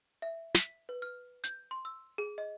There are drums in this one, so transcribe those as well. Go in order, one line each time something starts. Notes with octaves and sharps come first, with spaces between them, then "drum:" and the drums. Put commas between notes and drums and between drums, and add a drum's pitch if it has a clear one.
E5
B6, drum: snare
B4
F6
G6, drum: hi-hat
C6
E6
G#4
D#5